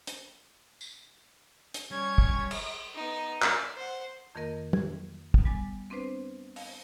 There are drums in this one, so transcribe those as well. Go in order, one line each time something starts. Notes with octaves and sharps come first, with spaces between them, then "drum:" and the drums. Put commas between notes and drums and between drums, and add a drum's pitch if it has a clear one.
drum: hi-hat
drum: tambourine
drum: hi-hat
G3 C#4 C#5 G#6
drum: kick
drum: cymbal
B3 D#4
D5, drum: clap
C5 F#5
F2 D#3 A#3 A#4 D#5
G#6, drum: tom
drum: kick
G3 B3 G#5 D6 A6
B3 C4 D4 B4 C5
F5, drum: open hi-hat